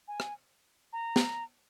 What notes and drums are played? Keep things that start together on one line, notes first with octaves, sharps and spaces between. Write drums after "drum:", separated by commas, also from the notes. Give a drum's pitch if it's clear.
G#5
drum: rim click
A#5
drum: snare